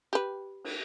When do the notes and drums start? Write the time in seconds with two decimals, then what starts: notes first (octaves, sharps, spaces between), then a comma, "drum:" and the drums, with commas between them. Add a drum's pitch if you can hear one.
0.13 G4 B4
0.64 drum: cymbal